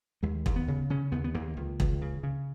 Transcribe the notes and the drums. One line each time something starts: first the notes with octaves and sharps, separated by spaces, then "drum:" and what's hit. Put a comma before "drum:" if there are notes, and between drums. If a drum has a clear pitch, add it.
D#2 G#3
D#2, drum: kick E1
B3
C#3
C#3 C#4
D#2 B3
B3
D#2 A#3
C#2
C#2, drum: kick E1
C#3
C#3